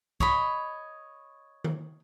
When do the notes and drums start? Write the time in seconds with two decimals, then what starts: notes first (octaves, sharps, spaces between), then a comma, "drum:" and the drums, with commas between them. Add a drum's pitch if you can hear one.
0.20 C#5 D#5 B5, drum: kick
1.64 drum: tom D#3